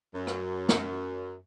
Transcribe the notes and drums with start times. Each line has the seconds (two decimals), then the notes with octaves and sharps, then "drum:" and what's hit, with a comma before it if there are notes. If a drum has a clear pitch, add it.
0.14 F#2
0.27 drum: rim click
0.69 drum: snare